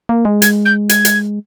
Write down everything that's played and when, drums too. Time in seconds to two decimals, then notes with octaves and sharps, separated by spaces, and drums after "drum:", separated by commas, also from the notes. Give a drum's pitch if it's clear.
0.09 A#3
0.25 G#3
0.42 G#6, drum: hi-hat
0.65 G6
0.89 G#6, drum: hi-hat
1.05 drum: hi-hat